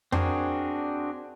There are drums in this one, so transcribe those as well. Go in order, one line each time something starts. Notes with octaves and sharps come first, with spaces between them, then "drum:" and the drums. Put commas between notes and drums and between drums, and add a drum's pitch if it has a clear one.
C4 D4 F#4 G#4 A#4, drum: tom F2